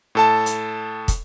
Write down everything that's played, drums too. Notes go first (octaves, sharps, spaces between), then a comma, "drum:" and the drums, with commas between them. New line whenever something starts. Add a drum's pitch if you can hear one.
A2 A4 A5
drum: hi-hat
drum: kick, hi-hat